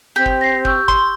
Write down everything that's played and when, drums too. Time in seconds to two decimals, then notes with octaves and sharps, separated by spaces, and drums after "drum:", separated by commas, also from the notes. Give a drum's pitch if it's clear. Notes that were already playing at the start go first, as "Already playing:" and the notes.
0.16 C4 G4
0.26 drum: kick
0.41 A#6 C7
0.65 C#6 E6 G6, drum: kick
0.88 C6, drum: kick